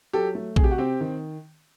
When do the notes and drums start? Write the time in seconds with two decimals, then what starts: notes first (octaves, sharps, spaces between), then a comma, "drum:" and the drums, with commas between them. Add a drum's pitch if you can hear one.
0.13 F#3 G4 A4
0.35 A3
0.56 C3 G#4, drum: kick A#1
0.64 G4
0.71 F#4
0.78 C4 G4
1.01 D#3